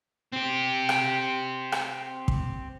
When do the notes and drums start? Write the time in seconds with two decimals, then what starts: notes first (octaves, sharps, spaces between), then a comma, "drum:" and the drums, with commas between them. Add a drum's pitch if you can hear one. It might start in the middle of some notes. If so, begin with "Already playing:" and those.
0.33 C4 G4
0.89 drum: rim click
1.72 drum: rim click
2.28 drum: kick